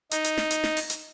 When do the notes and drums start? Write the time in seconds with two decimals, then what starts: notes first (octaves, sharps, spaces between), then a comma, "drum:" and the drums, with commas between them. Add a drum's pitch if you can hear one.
0.11 D#4, drum: hi-hat
0.24 drum: hi-hat
0.38 drum: snare
0.51 drum: hi-hat
0.64 drum: snare
0.77 drum: open hi-hat
0.90 drum: hi-hat